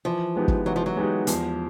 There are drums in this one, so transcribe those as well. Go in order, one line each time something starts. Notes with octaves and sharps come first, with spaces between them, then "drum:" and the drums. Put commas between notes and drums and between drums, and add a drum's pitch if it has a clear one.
E3 F3
G#3 B3 D#4 G4
drum: kick
E3 F#3
F3
F#3
G#3 B3 D#4 G4
E2 F3, drum: hi-hat